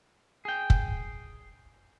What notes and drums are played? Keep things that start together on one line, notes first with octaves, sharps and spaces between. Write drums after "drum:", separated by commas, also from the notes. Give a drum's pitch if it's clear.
G#4 G5
drum: kick